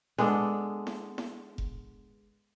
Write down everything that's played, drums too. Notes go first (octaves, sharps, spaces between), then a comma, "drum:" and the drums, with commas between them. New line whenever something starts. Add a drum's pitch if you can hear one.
G#3 B3 D4 A4, drum: snare E4
drum: snare E4
drum: snare E4
drum: kick F1